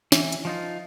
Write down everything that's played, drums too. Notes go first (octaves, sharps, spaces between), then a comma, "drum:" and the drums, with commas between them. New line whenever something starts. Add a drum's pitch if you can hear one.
E3, drum: snare
drum: hi-hat
F3 D#4 F4